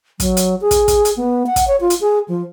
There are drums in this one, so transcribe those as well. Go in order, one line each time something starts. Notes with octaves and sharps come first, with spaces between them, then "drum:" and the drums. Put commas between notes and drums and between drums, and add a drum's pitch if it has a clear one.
F#3, drum: kick, hi-hat
drum: hi-hat
G#4
drum: kick, hi-hat
drum: kick, hi-hat
drum: hi-hat
B3
F#5
drum: kick, hi-hat
C#5
F4
drum: hi-hat
G#4
F3